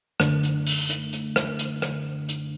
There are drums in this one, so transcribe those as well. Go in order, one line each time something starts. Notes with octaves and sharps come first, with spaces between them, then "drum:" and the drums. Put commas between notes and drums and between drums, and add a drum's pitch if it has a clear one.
F#2 D3 A3 D4, drum: rim click
drum: hi-hat
drum: open hi-hat
drum: hi-hat
drum: hi-hat
drum: rim click
drum: hi-hat
drum: rim click
drum: hi-hat